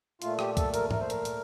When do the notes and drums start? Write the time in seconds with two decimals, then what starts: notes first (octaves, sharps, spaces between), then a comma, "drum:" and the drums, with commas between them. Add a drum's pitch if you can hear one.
0.22 A#2 A3 F4, drum: hi-hat
0.39 G4, drum: rim click
0.57 A4, drum: kick, hi-hat
0.74 A#4, drum: hi-hat
0.91 A#2 A3 A#4, drum: tom G#2
1.01 C5
1.10 A#4, drum: hi-hat
1.25 drum: hi-hat